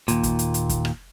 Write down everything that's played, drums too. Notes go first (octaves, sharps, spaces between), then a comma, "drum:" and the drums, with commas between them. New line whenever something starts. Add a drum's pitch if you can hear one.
D#2 A#2, drum: hi-hat
drum: kick, hi-hat
drum: hi-hat
drum: hi-hat
drum: kick, hi-hat
drum: rim click